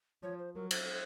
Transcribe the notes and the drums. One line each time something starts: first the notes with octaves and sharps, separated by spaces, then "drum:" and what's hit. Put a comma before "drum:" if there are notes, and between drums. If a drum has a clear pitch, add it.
F3 C#5
C5
F#3 A#4
C5, drum: cymbal